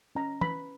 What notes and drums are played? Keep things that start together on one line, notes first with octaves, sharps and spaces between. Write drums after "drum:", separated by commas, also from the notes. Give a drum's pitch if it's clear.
C#4 A#5
B4 B5, drum: tom